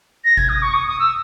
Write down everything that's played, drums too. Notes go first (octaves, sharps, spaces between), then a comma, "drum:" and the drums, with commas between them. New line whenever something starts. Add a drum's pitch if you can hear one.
A#6
G#6, drum: kick G1
D#6
C#6
D#6
D#6
E6